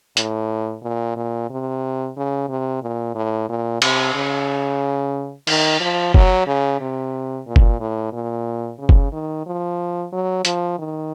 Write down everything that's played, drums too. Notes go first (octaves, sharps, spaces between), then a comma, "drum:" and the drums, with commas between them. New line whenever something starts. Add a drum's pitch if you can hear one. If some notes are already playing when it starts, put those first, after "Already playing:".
A2, drum: hi-hat
A#2
A#2
C3
C#3
C3
A#2
A2
A#2
C3, drum: cymbal
C#3
D#3, drum: cymbal
F3
F#3, drum: kick
C#3
C3
A#2
drum: kick
A2
A#2
C#3
drum: kick
D#3
F3
F#3
F3, drum: hi-hat
D#3